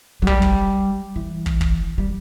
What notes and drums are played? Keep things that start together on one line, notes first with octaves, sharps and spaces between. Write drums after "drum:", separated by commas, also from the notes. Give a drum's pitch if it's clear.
F#3
G3, drum: kick
drum: kick
E3
drum: kick
drum: kick
G3